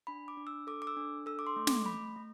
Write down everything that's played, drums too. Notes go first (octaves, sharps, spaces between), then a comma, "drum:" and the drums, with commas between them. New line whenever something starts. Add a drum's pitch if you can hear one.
D4 B5
D6
D4
E6
A4 D6
D6
E6
D4
A4 E6
D6
C6
A3
D6, drum: snare
A3 B5
A3